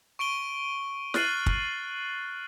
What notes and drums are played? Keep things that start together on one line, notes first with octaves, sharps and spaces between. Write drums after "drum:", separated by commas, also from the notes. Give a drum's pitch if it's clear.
C#6 D7 D#7 G7
F6 F#6 A6 C7 D#7 F#7, drum: snare
drum: kick